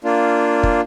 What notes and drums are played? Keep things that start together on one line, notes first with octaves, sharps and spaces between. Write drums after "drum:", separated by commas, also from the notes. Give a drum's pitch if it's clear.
A#3 D4 F4
drum: kick